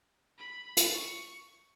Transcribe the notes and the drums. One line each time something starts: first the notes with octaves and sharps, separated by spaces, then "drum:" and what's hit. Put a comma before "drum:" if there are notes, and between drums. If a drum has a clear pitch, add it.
B5
drum: hi-hat
C#6